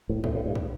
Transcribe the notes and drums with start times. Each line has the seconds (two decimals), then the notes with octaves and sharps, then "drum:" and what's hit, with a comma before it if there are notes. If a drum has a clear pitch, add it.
0.09 A2
0.24 A2, drum: kick
0.34 A2
0.46 G2
0.55 drum: kick